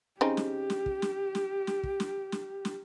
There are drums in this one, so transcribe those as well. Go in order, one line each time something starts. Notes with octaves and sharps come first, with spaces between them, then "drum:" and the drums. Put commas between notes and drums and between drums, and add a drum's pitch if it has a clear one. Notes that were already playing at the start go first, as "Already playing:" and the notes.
C#3 C4 D#4 G4
drum: snare
drum: snare
drum: kick
drum: snare
drum: snare
drum: snare
drum: kick
drum: snare
drum: snare
drum: snare